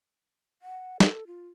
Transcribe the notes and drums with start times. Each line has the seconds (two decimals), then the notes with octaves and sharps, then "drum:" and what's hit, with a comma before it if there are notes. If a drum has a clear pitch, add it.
0.62 F#5
1.00 A4, drum: snare
1.27 F4